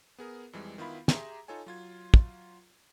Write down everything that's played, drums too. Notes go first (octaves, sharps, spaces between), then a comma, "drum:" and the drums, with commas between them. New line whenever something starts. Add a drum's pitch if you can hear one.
B3 G#4 A#4
F2 E3 G3 G#3
D#3 B3 E4 F4 F5 B5
G4 G#4 E5 A#5 C6, drum: snare
D#4 F4 A4 C#5 G#5
F#3 F4 G#6
drum: kick